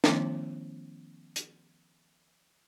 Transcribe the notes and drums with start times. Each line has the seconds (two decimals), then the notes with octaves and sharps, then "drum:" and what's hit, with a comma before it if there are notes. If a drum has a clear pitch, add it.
0.04 D#3 F3 A3 B3 C#4 E4, drum: snare
1.36 drum: hi-hat